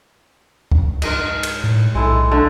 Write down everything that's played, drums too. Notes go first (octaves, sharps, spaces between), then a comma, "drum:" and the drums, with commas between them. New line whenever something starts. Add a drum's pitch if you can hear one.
drum: kick C#2
G#2 A#4 D#5, drum: cymbal
drum: cymbal
A2
B1 G#3 E4 A4
D3 A3